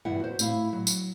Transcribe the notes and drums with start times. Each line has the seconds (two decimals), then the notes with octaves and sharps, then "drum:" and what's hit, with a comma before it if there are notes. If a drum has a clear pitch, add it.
0.05 E2 G2 E4 F#5
0.20 F#4 C5
0.39 A2 E4 F5, drum: tambourine
0.73 F#3
0.87 drum: tambourine